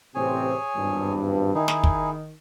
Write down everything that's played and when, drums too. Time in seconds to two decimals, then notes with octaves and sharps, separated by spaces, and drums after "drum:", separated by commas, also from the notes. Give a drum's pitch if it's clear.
0.15 A1 C3 C4 G#4 C#5 G#5
0.76 G#1 E2 G2
1.55 D#3 D#4 E4 G#4
1.68 drum: snare
1.84 drum: kick